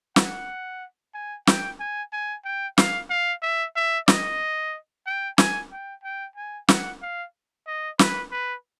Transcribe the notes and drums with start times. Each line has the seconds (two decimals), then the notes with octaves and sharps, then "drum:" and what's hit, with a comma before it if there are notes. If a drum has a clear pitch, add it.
0.16 F#5, drum: snare
1.14 G#5
1.47 G5, drum: snare
1.80 G#5
2.13 G#5
2.44 G5
2.78 F5, drum: snare
3.10 F5
3.42 E5
3.76 E5
4.08 D#5, drum: snare
5.06 G5
5.38 G#5, drum: snare
5.72 G5
6.03 G5
6.36 G#5
6.68 F#5, drum: snare
7.02 F5
7.67 D#5
7.99 B4, drum: snare
8.31 B4